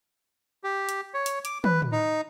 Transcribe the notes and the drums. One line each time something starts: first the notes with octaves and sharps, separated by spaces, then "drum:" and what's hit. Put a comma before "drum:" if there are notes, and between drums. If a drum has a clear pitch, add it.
G4
drum: hi-hat
C#5
drum: hi-hat
D6, drum: hi-hat
B4, drum: tom
drum: tom A2
D#4